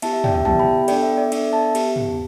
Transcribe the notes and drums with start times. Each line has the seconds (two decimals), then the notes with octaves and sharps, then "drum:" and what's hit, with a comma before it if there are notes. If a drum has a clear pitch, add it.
0.02 B3 E4 G4 E5 A5, drum: cymbal
0.13 E5
0.24 D5 G5, drum: tom
0.34 E5
0.45 B3 E4 G4 E5 A5, drum: tom
0.59 G5 B5
0.88 B3 D4 A4 D5 G5, drum: cymbal
1.02 E5
1.17 D5
1.32 B3 D4 A4 E5, drum: cymbal
1.53 E5 A5
1.75 B3 G4, drum: cymbal
1.96 drum: tom